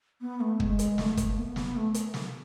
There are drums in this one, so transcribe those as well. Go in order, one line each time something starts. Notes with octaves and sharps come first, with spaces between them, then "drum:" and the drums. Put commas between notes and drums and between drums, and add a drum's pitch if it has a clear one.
B3
A3
G#3, drum: kick
drum: hi-hat
A3, drum: snare
drum: kick, hi-hat
A3
B3
B3, drum: snare
A3
drum: hi-hat
drum: snare